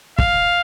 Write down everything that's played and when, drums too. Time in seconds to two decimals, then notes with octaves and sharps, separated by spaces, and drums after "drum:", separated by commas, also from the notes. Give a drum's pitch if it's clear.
0.19 F5, drum: kick